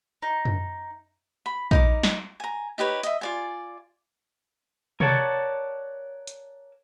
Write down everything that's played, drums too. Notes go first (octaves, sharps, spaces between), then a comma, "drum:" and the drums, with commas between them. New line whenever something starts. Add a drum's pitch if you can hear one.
D#4
drum: tom F#2
B5
D#4 A#4 D6, drum: kick
drum: snare
G#5 A#5
D#4 G4 B4 C#5
D#5 E5, drum: hi-hat
F4 D5 G#5
A#4 C#5 D5 F#5 A5, drum: tom C3
drum: hi-hat